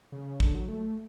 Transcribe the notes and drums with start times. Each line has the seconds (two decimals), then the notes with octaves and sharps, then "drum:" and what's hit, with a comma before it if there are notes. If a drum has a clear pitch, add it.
0.12 C#3
0.40 D3, drum: kick
0.55 F#3
0.68 A3